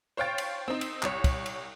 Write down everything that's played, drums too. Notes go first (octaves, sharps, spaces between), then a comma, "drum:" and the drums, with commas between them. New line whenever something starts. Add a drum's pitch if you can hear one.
C5 C#5 F5 G5 A6
drum: cymbal
C4 D#4
drum: cymbal
C2 C#5, drum: clap
drum: kick, cymbal
drum: cymbal